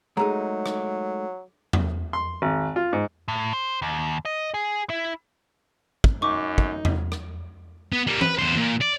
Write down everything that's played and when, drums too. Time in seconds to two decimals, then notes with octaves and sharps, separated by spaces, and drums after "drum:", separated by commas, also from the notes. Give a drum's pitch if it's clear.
0.17 F#3 G#3 A3 D#4 G#4 A#5
0.66 drum: rim click
1.73 drum: tom E2
2.13 C6
2.42 G#1
2.76 F4
2.93 G#2
3.28 A2
3.53 C5
3.82 D#2
4.25 D#5
4.54 G#4
4.90 E4
6.04 drum: kick
6.22 F#2 D#4 C#6 D6
6.58 drum: kick
6.85 drum: tom E2
7.12 drum: rim click
7.93 B3
8.07 G3 A#3
8.21 B4, drum: tom E3
8.39 E2 C5
8.56 A#2
8.81 D5